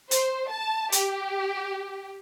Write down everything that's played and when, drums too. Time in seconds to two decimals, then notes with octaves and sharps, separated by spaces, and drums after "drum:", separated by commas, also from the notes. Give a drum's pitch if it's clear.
0.11 C5, drum: hi-hat
0.50 A5
0.92 G4, drum: hi-hat